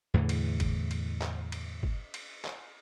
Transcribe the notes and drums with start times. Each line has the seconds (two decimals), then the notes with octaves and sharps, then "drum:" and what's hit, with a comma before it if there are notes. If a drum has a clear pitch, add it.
0.14 E2 A2 D3 E3
0.29 drum: cymbal
0.60 drum: kick, cymbal
0.91 drum: cymbal
1.22 drum: clap
1.52 drum: cymbal
1.83 drum: kick
2.14 drum: cymbal
2.45 drum: clap